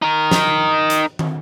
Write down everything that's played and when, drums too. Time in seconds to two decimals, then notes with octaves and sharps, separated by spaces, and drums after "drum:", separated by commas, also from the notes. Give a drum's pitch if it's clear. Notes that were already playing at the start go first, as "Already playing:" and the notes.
0.02 D#4 A#4
0.31 drum: snare
0.90 drum: hi-hat
1.19 drum: tom